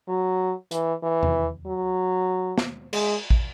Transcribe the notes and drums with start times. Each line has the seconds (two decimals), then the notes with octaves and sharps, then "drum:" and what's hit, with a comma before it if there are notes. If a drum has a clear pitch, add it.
0.09 F#3
0.71 E3, drum: hi-hat
1.03 E3
1.23 drum: tom E2
1.66 F#3
2.58 drum: snare
2.93 G#3, drum: cymbal
3.30 drum: kick A1